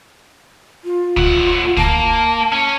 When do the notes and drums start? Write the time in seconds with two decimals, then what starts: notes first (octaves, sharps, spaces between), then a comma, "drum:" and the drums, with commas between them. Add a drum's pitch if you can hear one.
0.84 F4
1.17 A2 F#5, drum: kick
1.77 A#3 A5, drum: kick
2.52 C#4